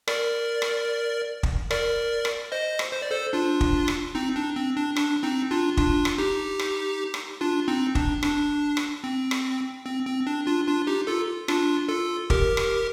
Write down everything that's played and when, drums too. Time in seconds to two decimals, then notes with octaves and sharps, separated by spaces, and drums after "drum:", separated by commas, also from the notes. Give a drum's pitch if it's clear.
0.08 A#4 D5, drum: rim click
0.62 drum: rim click
1.43 drum: kick
1.71 A#4 D5, drum: rim click
2.25 drum: rim click
2.52 C5 D#5
2.79 drum: rim click
2.92 C5
3.02 D5
3.11 A4 C5
3.33 D4 F4
3.61 drum: kick
3.88 drum: rim click
4.15 C4 D#4
4.36 D4
4.56 C4
4.77 D4
4.96 D4, drum: rim click
5.23 C4 D#4
5.51 D4 F4
5.77 D4 F4, drum: kick
6.05 drum: rim click
6.18 D#4 G4
6.59 drum: rim click
7.14 drum: rim click
7.41 D4 F4
7.68 C4 D#4
7.95 D4, drum: kick
8.23 D4, drum: rim click
8.77 drum: rim click
9.04 C4
9.31 drum: rim click
9.86 C4
10.06 C4
10.27 D4
10.46 D4 F4
10.67 D4 F4
10.87 D#4 G4
11.07 F4 A4
11.48 D4 F4, drum: rim click
11.89 F4 A4
12.30 G4 A#4, drum: kick
12.57 drum: rim click